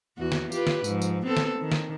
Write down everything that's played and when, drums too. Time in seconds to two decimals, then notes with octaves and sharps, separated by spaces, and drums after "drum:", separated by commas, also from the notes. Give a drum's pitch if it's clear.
0.18 E2 F#4
0.32 drum: snare
0.52 F4 G4 B4, drum: tambourine
0.67 drum: snare
0.84 G#2 F3, drum: tambourine
1.02 drum: tambourine
1.26 B3 C4 A4
1.37 drum: snare
1.59 D#3
1.72 drum: snare